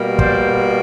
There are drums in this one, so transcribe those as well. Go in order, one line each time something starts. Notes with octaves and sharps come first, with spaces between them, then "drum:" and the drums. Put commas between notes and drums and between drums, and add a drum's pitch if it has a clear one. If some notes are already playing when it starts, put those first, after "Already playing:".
Already playing: B2 G3 A#3
C5 D5, drum: kick